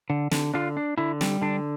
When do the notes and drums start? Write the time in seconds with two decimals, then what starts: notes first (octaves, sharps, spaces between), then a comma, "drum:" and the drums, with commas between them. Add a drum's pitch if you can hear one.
0.10 D3
0.31 D3, drum: snare
0.54 D3 D4 F4
0.77 D4
0.98 D3 E4
1.21 G3, drum: snare
1.42 D3 D4